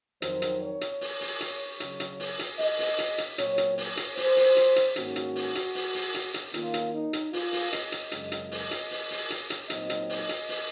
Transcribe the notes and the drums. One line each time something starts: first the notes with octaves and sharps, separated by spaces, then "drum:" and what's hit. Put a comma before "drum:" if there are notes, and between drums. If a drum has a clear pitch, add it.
F2 D#3 F#3 C4 C5, drum: hi-hat
drum: hi-hat
C#5
drum: hi-hat
drum: open hi-hat
drum: open hi-hat
drum: hi-hat
C#3 F#3 C#4, drum: hi-hat
drum: hi-hat
drum: open hi-hat
drum: hi-hat
D#5, drum: open hi-hat
drum: open hi-hat
drum: hi-hat
drum: hi-hat
A#2 F#3 C4 C#5, drum: hi-hat
drum: hi-hat
C#5, drum: open hi-hat
drum: hi-hat
C5, drum: open hi-hat
drum: open hi-hat
drum: hi-hat
drum: hi-hat
G#2 D#3 A#3 C#4 F#4, drum: hi-hat
drum: hi-hat
drum: open hi-hat
drum: hi-hat
drum: open hi-hat
drum: open hi-hat
drum: hi-hat
drum: hi-hat
D#3 A#3 C#4 F4, drum: hi-hat
drum: hi-hat
D#4
drum: hi-hat
F4, drum: open hi-hat
drum: open hi-hat
D#5, drum: hi-hat
drum: hi-hat
F#2 C#3 G#3, drum: hi-hat
drum: hi-hat
drum: open hi-hat
drum: hi-hat
drum: open hi-hat
drum: open hi-hat
drum: hi-hat
drum: hi-hat
A#2 F#3 C4 D#4 D#5, drum: hi-hat
drum: hi-hat
drum: open hi-hat
drum: hi-hat
drum: open hi-hat